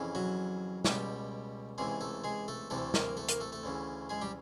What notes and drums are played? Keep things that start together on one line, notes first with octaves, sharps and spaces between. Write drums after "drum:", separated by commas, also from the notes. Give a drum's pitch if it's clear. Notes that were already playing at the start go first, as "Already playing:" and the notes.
Already playing: F2 C#3 E3
F#3 F#4
C#2 B2 G3 G4, drum: snare
C#2 C3 E3 G#3 G#4
A3 A4
G#3 G#4
A3 A4
D2 C3 E3 A3 A4
A#3 A#4, drum: snare
A3 A4
A#3 A#4, drum: hi-hat
A3 A4
A3 A4
D2 C#3 E3
G#3 G#4
G3 G4